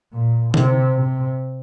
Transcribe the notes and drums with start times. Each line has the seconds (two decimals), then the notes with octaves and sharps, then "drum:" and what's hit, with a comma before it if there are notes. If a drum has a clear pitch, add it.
0.13 A#2
0.54 C3, drum: tom D3
0.95 C3